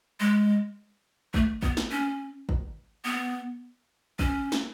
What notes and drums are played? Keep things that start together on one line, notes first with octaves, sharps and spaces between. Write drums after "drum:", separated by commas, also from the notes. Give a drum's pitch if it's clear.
G#3
A3, drum: kick G#1
B3, drum: kick G#1
drum: snare
C#4
drum: kick G#1
B3
C#4, drum: kick G#1
drum: snare